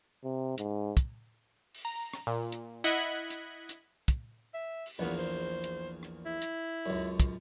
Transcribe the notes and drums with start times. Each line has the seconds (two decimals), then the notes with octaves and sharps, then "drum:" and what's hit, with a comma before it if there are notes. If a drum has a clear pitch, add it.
0.24 C3
0.58 G#2, drum: hi-hat
0.97 drum: kick, hi-hat
1.75 drum: open hi-hat
1.85 A#5
2.14 drum: rim click
2.27 A#2
2.52 drum: hi-hat
2.84 E4 D#5 F#5 B5 F#6 G#6
3.30 drum: hi-hat
3.69 drum: hi-hat
4.08 drum: kick, hi-hat
4.54 E5
4.86 drum: open hi-hat
4.99 A#1 E2 A#3 B3
5.19 C5
5.64 drum: hi-hat
6.03 drum: rim click
6.26 E4
6.42 drum: hi-hat
6.86 C#2 F#2
7.20 drum: kick, hi-hat